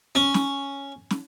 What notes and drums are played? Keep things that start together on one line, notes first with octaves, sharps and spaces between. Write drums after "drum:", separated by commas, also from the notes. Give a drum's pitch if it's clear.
C#4
drum: snare
drum: snare